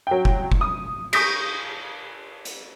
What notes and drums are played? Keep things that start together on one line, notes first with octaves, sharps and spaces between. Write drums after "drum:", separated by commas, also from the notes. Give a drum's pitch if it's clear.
F#3 G5
drum: kick F1
drum: kick F1
D#6
C#6 D#6 G6 A#6 B6 D7, drum: cymbal
drum: hi-hat